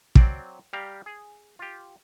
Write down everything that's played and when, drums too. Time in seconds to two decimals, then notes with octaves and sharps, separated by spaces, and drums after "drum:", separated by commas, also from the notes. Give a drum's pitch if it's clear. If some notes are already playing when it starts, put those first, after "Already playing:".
0.15 F#3 C4 D5, drum: kick
0.73 G3 G4 F5 A#5
1.06 G#4
1.59 F4 G4